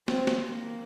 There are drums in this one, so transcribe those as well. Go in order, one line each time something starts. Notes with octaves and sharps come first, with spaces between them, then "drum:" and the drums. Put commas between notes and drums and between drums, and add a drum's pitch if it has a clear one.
C4, drum: snare
drum: snare
A#3